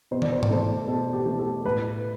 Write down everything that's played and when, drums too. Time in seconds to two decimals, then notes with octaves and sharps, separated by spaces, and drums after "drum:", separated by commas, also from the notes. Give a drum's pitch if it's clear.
0.11 B2 C5
0.22 D5, drum: tom
0.32 C5
0.43 D5, drum: tom G#2
0.50 A3 C5
0.88 B2 A4
1.13 G4
1.26 A3
1.39 A4
1.65 A2 B4